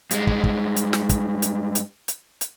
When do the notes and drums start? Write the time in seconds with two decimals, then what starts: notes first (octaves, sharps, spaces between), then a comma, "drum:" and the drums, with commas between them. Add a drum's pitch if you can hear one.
0.11 G2 G#3, drum: hi-hat
0.27 drum: kick
0.44 drum: kick
0.77 drum: hi-hat
0.93 drum: snare
1.09 drum: kick, hi-hat
1.42 drum: hi-hat
1.75 drum: hi-hat
2.08 drum: hi-hat
2.41 drum: hi-hat